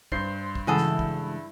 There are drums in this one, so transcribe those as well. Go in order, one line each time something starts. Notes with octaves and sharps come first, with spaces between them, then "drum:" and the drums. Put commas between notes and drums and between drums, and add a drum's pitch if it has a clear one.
G2 C5 G6 C7, drum: kick
drum: kick
C#3 E3 G#3 E4 F#4 G#4 A4
drum: snare
drum: kick